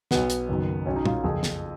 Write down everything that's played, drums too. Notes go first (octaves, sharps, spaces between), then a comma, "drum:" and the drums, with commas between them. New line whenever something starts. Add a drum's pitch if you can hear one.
B1 B2 B3, drum: snare
drum: hi-hat
F#1 F#2 D#3
B1 B2 C#4
D#4
F4, drum: tom
F#1 F2 F3 G#4
drum: snare